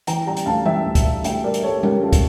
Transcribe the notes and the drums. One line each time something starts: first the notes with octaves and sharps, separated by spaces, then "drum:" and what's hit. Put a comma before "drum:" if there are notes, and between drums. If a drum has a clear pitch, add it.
E3 G5 A#5, drum: hi-hat
G3 G5 A#5
drum: hi-hat
D2 F5 A5
E3 E5 G5, drum: tom G3
D2
drum: kick, hi-hat
G3
D2 E5 G5, drum: hi-hat
G3 A#4 D5
drum: hi-hat
G3 A4 C#5
C#3 G4 A#4, drum: tom G3
C#3 F4 A4
drum: kick, hi-hat